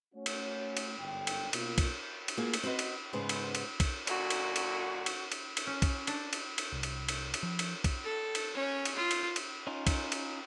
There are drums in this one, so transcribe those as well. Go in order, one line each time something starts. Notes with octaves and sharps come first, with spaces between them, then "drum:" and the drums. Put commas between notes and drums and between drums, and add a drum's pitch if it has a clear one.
A3 C#4 F#4 C#5
drum: cymbal
drum: cymbal
G1 G#2 D3 G5
drum: cymbal
B2 A#3 F4, drum: cymbal
drum: kick, cymbal
drum: cymbal
A#3 F4 F#4 G#4
drum: cymbal
C4 F#4 B4 D#5
drum: cymbal
G#2 C#3 G#3 B3 B4 C5
drum: cymbal
drum: cymbal
drum: kick, cymbal
F#2 A#2 D3 F#4, drum: cymbal
drum: cymbal
drum: cymbal
drum: cymbal
drum: cymbal
drum: cymbal
C#4
drum: kick, cymbal
D4, drum: cymbal
drum: cymbal
drum: cymbal
C2
drum: cymbal
drum: cymbal
drum: cymbal
F3
drum: cymbal
drum: kick, cymbal
A4
drum: cymbal
C#4 C#5
drum: cymbal
F4
drum: cymbal
drum: cymbal
C#4 D#4 F4
drum: kick, cymbal
drum: cymbal